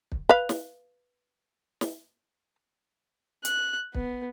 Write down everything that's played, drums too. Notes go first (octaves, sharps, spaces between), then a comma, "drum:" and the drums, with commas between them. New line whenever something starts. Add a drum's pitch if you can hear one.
drum: kick
B4 F5
drum: snare
drum: snare
F#6, drum: hi-hat
B3, drum: kick